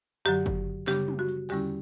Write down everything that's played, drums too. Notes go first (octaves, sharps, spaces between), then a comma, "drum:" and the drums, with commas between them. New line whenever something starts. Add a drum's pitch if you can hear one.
F#2 D3 F#3 G4, drum: open hi-hat
drum: kick, hi-hat
C#3 G3 B3 D4 G4, drum: snare
drum: tom
F#4
drum: hi-hat
E2 D3 G3 C#4 E4 G4, drum: open hi-hat